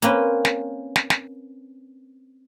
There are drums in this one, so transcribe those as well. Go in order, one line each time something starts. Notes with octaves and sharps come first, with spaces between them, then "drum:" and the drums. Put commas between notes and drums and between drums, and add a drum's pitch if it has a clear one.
A#3 C4 C#4 B4, drum: hi-hat
drum: snare
drum: snare
drum: snare